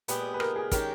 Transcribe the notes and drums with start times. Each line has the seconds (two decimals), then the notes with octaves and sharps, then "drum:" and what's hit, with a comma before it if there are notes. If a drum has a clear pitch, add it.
0.08 A#2 G#3 B3 G4 B4, drum: hi-hat
0.34 B4
0.40 A#4, drum: rim click
0.56 G#4
0.72 D#3 G#3 C#4 G4 A#4, drum: kick, hi-hat